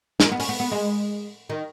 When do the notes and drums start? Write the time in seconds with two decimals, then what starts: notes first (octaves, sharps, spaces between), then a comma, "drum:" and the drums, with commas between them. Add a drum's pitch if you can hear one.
0.20 G#3, drum: snare
0.24 A#3
0.32 B3
0.40 C#4, drum: open hi-hat
0.49 B3
0.60 B3
0.72 G#3
1.50 D#3